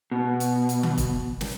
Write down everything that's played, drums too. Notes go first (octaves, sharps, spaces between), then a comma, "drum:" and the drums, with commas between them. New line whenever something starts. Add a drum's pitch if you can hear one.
B2
drum: hi-hat
drum: hi-hat
drum: tom D3
drum: kick E1, hi-hat
drum: snare